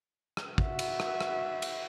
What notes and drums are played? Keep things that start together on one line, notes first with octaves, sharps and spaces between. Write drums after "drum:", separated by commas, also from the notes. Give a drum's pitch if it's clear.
drum: rim click
F#4 E5, drum: kick
drum: cymbal
drum: rim click
drum: rim click
drum: cymbal